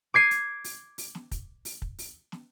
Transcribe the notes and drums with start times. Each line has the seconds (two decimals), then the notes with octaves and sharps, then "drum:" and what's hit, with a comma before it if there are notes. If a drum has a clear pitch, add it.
0.14 D6 G#6 C7 D#7
0.31 drum: hi-hat
0.64 drum: open hi-hat
0.98 drum: open hi-hat
1.15 drum: snare
1.31 drum: kick, hi-hat
1.65 drum: open hi-hat
1.82 drum: kick
1.99 drum: open hi-hat
2.32 drum: snare